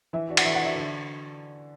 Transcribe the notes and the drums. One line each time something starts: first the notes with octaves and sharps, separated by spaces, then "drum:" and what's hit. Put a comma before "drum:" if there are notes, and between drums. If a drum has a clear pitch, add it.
E3 E5
D4 F#4
F#5, drum: cymbal
E3 E5
F#5
D4 F#4 E5
D3